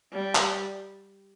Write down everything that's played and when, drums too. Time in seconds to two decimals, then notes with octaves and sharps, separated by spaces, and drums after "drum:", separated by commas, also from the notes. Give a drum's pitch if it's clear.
0.13 G3
0.35 drum: clap